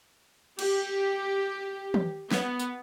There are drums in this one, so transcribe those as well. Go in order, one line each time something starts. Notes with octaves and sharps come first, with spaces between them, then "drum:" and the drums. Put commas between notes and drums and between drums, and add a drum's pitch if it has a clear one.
G4, drum: cymbal
drum: tom
B3, drum: snare
drum: tambourine